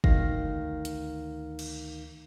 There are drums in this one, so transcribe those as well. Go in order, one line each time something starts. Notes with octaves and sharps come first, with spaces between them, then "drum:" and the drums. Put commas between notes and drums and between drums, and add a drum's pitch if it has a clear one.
D2 D#3 F5 A#6, drum: kick
drum: hi-hat
drum: cymbal